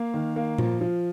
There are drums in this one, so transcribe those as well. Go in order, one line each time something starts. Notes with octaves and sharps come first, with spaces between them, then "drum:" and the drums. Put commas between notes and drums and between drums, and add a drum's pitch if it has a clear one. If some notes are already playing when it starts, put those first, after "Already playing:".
Already playing: A#3 F5
D#3
A#3
F3, drum: tom A#2
F3